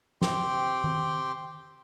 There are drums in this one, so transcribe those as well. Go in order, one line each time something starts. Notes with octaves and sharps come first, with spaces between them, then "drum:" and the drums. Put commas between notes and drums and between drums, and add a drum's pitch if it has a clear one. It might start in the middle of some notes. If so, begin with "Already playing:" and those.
C4 G4 G5 C6, drum: snare
drum: tom D#3